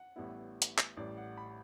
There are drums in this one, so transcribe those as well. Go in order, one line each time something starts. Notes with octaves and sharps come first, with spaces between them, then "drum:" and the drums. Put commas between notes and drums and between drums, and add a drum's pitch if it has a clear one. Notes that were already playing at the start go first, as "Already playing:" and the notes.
Already playing: F#5
A1 A2 G3 B3 E4
drum: hi-hat
drum: clap
A1 A2 G3 D5
F#5
B5